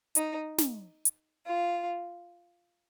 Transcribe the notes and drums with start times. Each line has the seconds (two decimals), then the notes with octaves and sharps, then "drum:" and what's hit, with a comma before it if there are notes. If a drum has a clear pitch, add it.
0.15 D#4, drum: hi-hat
0.58 drum: snare
1.05 drum: hi-hat
1.46 F4